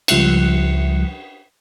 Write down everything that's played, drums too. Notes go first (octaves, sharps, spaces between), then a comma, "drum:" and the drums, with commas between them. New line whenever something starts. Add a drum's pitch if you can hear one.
C#2 F3 G3 E5 F#6 C#7, drum: cymbal